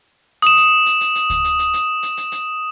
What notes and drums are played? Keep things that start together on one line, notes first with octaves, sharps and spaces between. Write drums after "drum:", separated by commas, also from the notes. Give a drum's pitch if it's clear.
D#6 E7, drum: hi-hat
drum: hi-hat
drum: hi-hat
drum: hi-hat
drum: hi-hat
drum: kick C#2, hi-hat
drum: hi-hat
drum: hi-hat
drum: hi-hat
drum: hi-hat
drum: hi-hat
drum: hi-hat